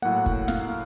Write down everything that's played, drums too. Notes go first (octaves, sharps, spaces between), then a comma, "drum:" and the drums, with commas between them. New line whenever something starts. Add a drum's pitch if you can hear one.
A2 F#3 A#3 F#5
F#5, drum: kick
F5, drum: snare